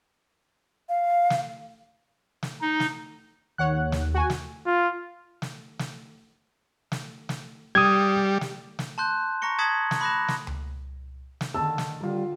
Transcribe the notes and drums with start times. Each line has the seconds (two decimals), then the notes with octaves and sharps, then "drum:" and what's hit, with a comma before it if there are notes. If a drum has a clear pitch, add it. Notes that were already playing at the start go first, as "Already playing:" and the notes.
0.89 F5
1.30 drum: snare
2.43 drum: snare
2.61 D#4
2.80 drum: snare
3.58 D#2 C#5 F#5 F#6
3.92 drum: snare
4.15 F#4 G#5
4.30 drum: snare
4.66 F4
5.42 drum: snare
5.79 drum: snare
6.92 drum: snare
7.29 drum: snare
7.75 G3 D#6 G#6
8.41 drum: snare
8.79 drum: snare
8.98 A5 C6 F#6 G6
9.42 A#5 C#6 A#6 C#7 G7
9.59 A5 D#6 G#6 B6 C#7 F#7
9.91 drum: snare
10.01 B5 D6 F#6 A#6 E7
10.28 drum: snare
10.47 drum: tom C#2
11.41 drum: snare
11.54 D3 D#3 A5 E6
11.78 drum: snare
12.01 D3 G3 F4 A#4